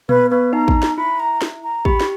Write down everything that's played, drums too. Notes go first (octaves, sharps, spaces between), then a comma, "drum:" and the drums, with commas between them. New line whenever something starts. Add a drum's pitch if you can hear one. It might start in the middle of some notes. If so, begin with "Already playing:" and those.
B3 B4, drum: tom A#2
B3 B4
D#4 A#5
drum: kick
drum: snare
E4 B5
A#5
drum: snare
A#5
G4 B5, drum: kick
drum: snare